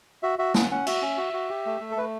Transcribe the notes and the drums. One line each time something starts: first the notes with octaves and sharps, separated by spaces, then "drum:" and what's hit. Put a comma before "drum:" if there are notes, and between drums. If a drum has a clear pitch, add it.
F#4 E5
F#4 E5
C#4 F#5, drum: snare
C#4 F#5
F#4 E5, drum: cymbal
C#4
F#4
F#4
G4
A3
A3
A4
A3 B4